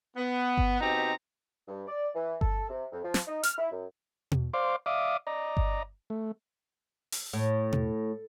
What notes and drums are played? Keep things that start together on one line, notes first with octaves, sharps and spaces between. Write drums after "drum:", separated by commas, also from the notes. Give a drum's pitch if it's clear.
B3
drum: kick G1
B2 C4 D#4 G4 A#5
G2
D5
E3
A4, drum: kick G1
C3
F2
F3
drum: snare
D#4
F6, drum: hi-hat
E4
F#2
drum: tom B2
C5 D5 F5 C6 D6
D5 E5 F5 D6 D#6
D5 D#5 A#5
drum: kick G1
A3
drum: open hi-hat
A2
drum: tom B2